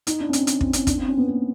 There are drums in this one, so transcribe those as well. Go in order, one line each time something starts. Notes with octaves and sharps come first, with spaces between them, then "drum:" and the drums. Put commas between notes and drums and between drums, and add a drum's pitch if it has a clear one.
D#4, drum: hi-hat
D4
C#4
C4, drum: hi-hat
drum: hi-hat
C4, drum: kick
C#4, drum: hi-hat
D4, drum: kick, hi-hat
C4
C#4
B3
A#3